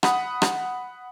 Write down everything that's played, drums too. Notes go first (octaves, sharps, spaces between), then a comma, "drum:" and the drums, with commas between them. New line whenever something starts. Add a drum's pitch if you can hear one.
F#5 B5 D#6, drum: rim click
drum: rim click